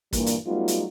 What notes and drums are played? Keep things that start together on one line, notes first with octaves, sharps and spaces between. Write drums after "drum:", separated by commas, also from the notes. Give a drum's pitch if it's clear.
G2 A#2 E3 G3 A#3, drum: kick, hi-hat
drum: hi-hat
F#3 G3 A3 B3 D#4 F4
drum: hi-hat